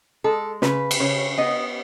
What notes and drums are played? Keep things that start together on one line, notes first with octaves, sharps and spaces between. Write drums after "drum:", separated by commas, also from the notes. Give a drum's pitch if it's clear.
G#3 A4
C#3 B4, drum: snare
drum: cymbal
C#3 C#5
B3 D#5